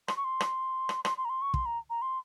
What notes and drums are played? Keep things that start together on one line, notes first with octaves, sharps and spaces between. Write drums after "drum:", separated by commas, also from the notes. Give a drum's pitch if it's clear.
C6, drum: rim click
C#6
C6
drum: rim click
drum: rim click
C6, drum: rim click
C6
A#5
C6
C#6
C6, drum: kick
A#5
A#5
C6